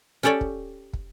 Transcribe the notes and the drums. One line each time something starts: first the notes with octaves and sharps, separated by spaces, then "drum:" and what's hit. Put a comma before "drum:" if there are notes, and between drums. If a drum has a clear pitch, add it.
C#4 G4 A4 C#5 D5
drum: kick
drum: kick